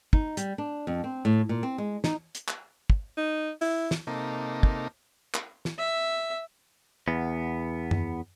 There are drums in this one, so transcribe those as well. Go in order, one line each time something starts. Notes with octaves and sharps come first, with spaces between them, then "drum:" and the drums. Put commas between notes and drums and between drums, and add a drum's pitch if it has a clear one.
D#4, drum: kick
G3, drum: hi-hat
D4
F2
C4
A2
A#2
C4
G#3
D#4, drum: snare
drum: hi-hat
drum: clap
drum: kick
D#4
E4, drum: open hi-hat
drum: snare
C3 A#3 D#4 A4
drum: kick
drum: clap
drum: snare
E5
E2 B3
drum: tom F#2